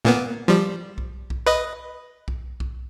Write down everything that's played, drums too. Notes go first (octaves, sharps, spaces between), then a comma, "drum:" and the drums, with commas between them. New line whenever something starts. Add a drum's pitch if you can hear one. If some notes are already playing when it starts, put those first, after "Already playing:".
A#2 A#3 B3
F3 G3
drum: kick B1
drum: kick B1
B4 D#5
drum: kick B1
drum: kick B1